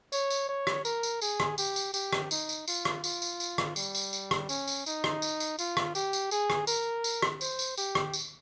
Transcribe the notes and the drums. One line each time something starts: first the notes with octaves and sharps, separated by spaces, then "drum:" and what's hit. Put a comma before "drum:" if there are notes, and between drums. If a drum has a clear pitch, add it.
C#5, drum: tambourine
drum: tambourine
C#5
drum: rim click
A#4, drum: tambourine
drum: tambourine
G#4, drum: tambourine
drum: rim click
G4, drum: tambourine
drum: tambourine
G4, drum: tambourine
drum: rim click
D#4, drum: tambourine
drum: tambourine
F4, drum: tambourine
drum: rim click
F4, drum: tambourine
drum: tambourine
drum: tambourine
drum: rim click
G3, drum: tambourine
drum: tambourine
drum: tambourine
drum: rim click
C#4, drum: tambourine
drum: tambourine
D#4, drum: tambourine
drum: rim click
drum: tambourine
drum: tambourine
F4, drum: tambourine
drum: rim click
G4, drum: tambourine
drum: tambourine
G#4, drum: tambourine
drum: rim click
A#4, drum: tambourine
drum: tambourine
drum: rim click
C5, drum: tambourine
drum: tambourine
G4, drum: tambourine
drum: rim click
drum: tambourine